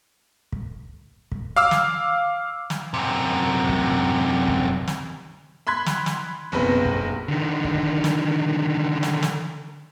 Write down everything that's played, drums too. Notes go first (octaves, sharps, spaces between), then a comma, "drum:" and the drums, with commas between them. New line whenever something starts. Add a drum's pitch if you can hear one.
drum: kick
drum: kick
F5 D6 E6 F6
drum: snare
drum: snare
F#2 C3
drum: kick
drum: kick
drum: snare
B5 C6 F#6 G#6 B6
drum: snare
drum: snare
F#1 B1 C3 B4
drum: kick
D3 D#3
drum: kick
drum: snare
drum: snare
drum: snare